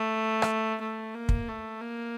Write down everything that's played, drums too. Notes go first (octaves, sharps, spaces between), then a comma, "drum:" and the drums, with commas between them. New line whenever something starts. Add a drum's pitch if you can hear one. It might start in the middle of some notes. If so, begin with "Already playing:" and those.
Already playing: A3
drum: rim click
A3
A#3
drum: kick
A3
A#3